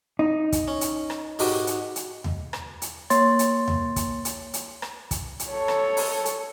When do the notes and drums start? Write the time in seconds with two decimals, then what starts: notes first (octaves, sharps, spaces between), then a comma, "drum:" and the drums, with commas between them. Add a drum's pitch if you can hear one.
0.19 D#4
0.52 drum: kick, hi-hat
0.68 C#4
0.81 drum: hi-hat
1.10 drum: rim click
1.39 G#2 F#4 G4, drum: open hi-hat
1.67 drum: hi-hat
1.96 drum: hi-hat
2.24 drum: tom D#2
2.53 drum: rim click
2.82 drum: hi-hat
3.10 A#3 C#5 C6 A6, drum: hi-hat
3.39 drum: hi-hat
3.68 drum: tom D#2
3.96 drum: kick, hi-hat
4.25 drum: hi-hat
4.54 drum: hi-hat
4.82 drum: rim click
5.11 drum: kick, hi-hat
5.39 drum: hi-hat
5.51 A4 C#5
5.68 drum: rim click
5.97 drum: open hi-hat
6.25 drum: hi-hat